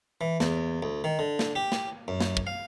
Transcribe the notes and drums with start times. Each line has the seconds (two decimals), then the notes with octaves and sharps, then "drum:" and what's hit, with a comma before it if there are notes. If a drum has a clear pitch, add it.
0.21 E3
0.40 E2, drum: snare
0.83 D2
1.04 D#3
1.19 D3
1.39 drum: snare
1.55 G4
1.72 drum: snare
2.08 F#2
2.20 drum: snare
2.37 drum: kick
2.47 F5